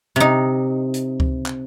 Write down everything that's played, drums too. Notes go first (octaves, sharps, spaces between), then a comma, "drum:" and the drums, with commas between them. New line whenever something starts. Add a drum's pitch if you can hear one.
C3 D#4
drum: hi-hat
drum: kick C#2
drum: clap